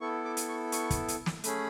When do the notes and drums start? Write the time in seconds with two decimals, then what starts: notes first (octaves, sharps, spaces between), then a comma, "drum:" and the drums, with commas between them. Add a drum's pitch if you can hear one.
0.01 B3 E4 A4 C#6
0.25 D6
0.37 drum: hi-hat
0.48 C#6
0.72 C#6, drum: hi-hat
0.90 drum: kick, hi-hat
1.08 drum: hi-hat
1.26 drum: snare
1.44 A3 C#4 G#4 B5, drum: hi-hat